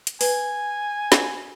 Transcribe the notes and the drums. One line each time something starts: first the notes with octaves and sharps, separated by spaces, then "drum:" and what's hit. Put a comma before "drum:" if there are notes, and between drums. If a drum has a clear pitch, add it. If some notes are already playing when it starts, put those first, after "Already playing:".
drum: hi-hat
B4 G#5, drum: open hi-hat
drum: snare